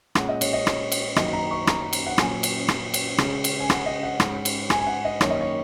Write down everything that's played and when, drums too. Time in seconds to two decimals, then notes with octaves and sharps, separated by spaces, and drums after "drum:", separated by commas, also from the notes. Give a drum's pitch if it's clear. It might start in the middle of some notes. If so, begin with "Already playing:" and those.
0.15 A#2 G#3 C#4 F#5, drum: rim click
0.29 D#5
0.41 C#5, drum: cymbal
0.53 D#5
0.67 C#5, drum: rim click
0.92 drum: cymbal
1.16 F#2 D#3 F#3 A#3 D#5, drum: rim click
1.33 A#5
1.51 C#6
1.67 A#5, drum: rim click
1.93 drum: cymbal
2.07 F#5
2.18 A#2 F#3 C#4 G#5, drum: rim click
2.43 drum: cymbal
2.68 drum: rim click
2.94 drum: cymbal
3.18 C#3 G#3 C#4, drum: rim click
3.44 drum: cymbal
3.60 G#5
3.70 F#5, drum: rim click
3.86 D#5
4.03 F#5
4.20 G#2 G#3 C#4, drum: rim click
4.45 drum: cymbal
4.70 G#5, drum: rim click
4.80 G#5
4.87 F#5
5.05 D#5
5.21 F#2 D#3 A#3 C#4 C#5, drum: rim click
5.30 D#5
5.41 C#5